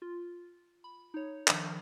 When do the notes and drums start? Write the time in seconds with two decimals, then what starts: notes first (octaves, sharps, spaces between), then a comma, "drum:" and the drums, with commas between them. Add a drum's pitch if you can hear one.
0.02 F4
0.84 B5
1.14 D#4 C#5
1.48 D#3 F3 D4, drum: clap